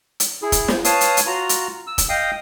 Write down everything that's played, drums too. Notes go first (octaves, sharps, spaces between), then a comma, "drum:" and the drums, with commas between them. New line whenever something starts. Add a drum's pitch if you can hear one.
drum: hi-hat
E4 G#4
drum: kick, hi-hat
drum: snare
B4 C#5 F5 A5 D#6, drum: hi-hat
drum: hi-hat
drum: hi-hat
F4 F#4 A#5
drum: hi-hat
E6
drum: kick, hi-hat
D#5 F5 G5 D#6